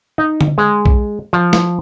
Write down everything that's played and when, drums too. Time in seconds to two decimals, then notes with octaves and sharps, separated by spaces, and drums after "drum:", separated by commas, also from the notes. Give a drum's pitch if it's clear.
0.18 D#4
0.41 drum: tom D3
0.58 G#3
0.86 drum: kick A#1
1.33 F3
1.53 drum: snare